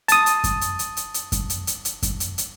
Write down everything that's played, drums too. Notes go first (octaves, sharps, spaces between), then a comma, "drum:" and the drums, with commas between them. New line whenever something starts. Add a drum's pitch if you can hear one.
A5 D#6, drum: hi-hat
drum: hi-hat
drum: kick F#2, hi-hat
drum: hi-hat
drum: hi-hat
drum: hi-hat
drum: hi-hat
drum: kick F#2, hi-hat
drum: hi-hat
drum: hi-hat
drum: hi-hat
drum: kick F#2, hi-hat
drum: hi-hat
drum: hi-hat